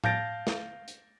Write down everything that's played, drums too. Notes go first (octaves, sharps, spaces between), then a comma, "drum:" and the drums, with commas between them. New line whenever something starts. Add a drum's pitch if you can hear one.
F5 A5 G6 A6 A#6 D7, drum: tom A2
drum: snare
drum: hi-hat